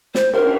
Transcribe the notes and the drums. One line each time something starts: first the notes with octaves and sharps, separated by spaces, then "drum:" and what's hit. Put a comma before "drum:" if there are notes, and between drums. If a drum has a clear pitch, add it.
C5, drum: snare
A#4, drum: cymbal